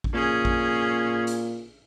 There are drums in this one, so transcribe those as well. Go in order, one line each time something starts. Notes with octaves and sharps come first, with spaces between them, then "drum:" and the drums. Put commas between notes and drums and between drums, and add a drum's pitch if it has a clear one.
drum: kick A1
A#2 C#4 G#4
drum: kick A1
drum: hi-hat